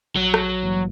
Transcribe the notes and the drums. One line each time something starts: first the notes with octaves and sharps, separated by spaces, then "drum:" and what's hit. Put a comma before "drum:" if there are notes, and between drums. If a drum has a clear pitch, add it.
A#1 F#3
drum: rim click
G#2 E3 G3 A#3